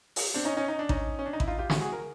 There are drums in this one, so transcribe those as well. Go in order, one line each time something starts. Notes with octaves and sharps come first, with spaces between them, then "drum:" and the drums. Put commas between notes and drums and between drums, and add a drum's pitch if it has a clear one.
drum: open hi-hat
C4 D4
C#4 D#4
C#4 D#4
D#4
D4
C#4 D#4, drum: kick A1
C#4
D4
D#4
E4, drum: kick A1
D#4 F4
F4 G4
E4 F#4, drum: snare
F#4 G#4
A#4